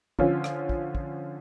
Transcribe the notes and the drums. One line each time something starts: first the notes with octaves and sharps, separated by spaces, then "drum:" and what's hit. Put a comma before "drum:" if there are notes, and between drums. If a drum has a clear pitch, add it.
D3 F3 C#4 F4, drum: kick
drum: rim click
drum: kick
drum: kick